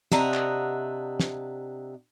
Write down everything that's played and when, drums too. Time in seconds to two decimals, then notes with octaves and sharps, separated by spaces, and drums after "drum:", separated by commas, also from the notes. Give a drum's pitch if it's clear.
0.12 C3 D4 D#5 E5 F#5 A#5, drum: snare
0.34 drum: clap
1.20 drum: snare